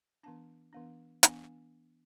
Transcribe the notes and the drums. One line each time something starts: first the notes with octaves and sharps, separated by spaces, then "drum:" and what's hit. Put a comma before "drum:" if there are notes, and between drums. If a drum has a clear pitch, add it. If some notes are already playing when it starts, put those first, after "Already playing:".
E3 B3 D4 A5
E3 B3 D4
E3 B3 D4 G#5, drum: hi-hat